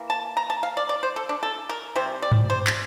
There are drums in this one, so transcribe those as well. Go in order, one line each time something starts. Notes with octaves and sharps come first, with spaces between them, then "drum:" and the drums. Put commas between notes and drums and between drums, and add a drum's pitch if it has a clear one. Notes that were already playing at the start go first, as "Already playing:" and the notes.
Already playing: E3 A#3
A5
A#5
A5
F5
D5
D5
C5
A4
D4
A4
A#4
C3 G3 C5
D5
drum: tom G2
C5
drum: clap